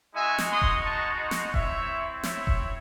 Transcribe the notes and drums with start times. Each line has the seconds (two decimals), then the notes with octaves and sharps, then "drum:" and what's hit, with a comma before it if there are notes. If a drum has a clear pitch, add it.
0.15 G#3 D#4 F#4 E5 G#5
0.38 drum: snare
0.50 C6 D#6
0.62 drum: kick E1
0.85 A5 C#6
1.31 drum: snare
1.54 C4 E4 C#5 E5, drum: kick E1
2.23 C#5 E5, drum: snare
2.47 drum: kick E1